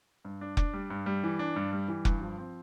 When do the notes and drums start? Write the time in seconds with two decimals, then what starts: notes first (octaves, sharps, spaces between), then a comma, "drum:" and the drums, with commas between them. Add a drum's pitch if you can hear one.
0.25 G2
0.41 D4
0.57 D4, drum: kick F1
0.73 G3
0.90 G2
1.06 G3
1.24 E3
1.39 D4
1.56 G2
1.73 G3
1.88 E3
2.05 G2, drum: kick F1
2.21 F3
2.38 C4